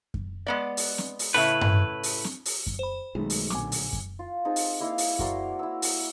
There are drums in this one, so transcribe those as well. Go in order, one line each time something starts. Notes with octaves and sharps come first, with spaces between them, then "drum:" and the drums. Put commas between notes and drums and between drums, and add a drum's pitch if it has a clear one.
drum: kick F#2
G#3 B3 D5
drum: open hi-hat
drum: snare C4
drum: open hi-hat
A2 C#3 E4 B4
drum: tom G2
drum: open hi-hat
drum: snare C4
drum: open hi-hat
drum: kick F#2
C5 B5
B1 D#3 G#3 A3
drum: open hi-hat
A#1 D3 G#5 D6, drum: snare C4
drum: open hi-hat
drum: kick F#2
F4
C4 D#4 G#4 A5
drum: open hi-hat
A#3 E4 D#5 F5
drum: open hi-hat
F#4 A#4 C5 D5, drum: kick F#2
E4 E6
drum: open hi-hat